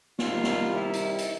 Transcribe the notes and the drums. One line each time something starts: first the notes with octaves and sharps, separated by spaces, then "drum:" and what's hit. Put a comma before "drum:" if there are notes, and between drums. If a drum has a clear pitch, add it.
C3 D#3 G3 F4, drum: snare
drum: snare
E4
drum: hi-hat
drum: hi-hat